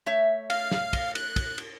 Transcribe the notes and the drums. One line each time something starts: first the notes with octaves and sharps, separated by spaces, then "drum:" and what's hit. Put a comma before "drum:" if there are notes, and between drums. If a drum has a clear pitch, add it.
A3 C#5 E5
F5 F6, drum: cymbal
drum: snare
drum: kick, cymbal
F#6, drum: cymbal
drum: kick, cymbal
drum: cymbal